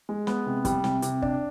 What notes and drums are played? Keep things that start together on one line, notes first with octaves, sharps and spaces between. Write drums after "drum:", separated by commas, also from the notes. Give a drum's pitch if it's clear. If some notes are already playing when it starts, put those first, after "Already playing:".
G#3
B3, drum: snare
C3
G3, drum: kick, hi-hat
C3, drum: snare
C3, drum: hi-hat
D4, drum: kick